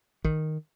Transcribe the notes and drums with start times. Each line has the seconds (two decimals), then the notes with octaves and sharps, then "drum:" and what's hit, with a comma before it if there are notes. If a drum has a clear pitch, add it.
0.25 D#3, drum: kick